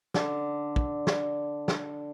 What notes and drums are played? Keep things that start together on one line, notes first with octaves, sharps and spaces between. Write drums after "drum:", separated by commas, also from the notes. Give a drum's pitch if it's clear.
D3, drum: snare
drum: kick
drum: snare
drum: snare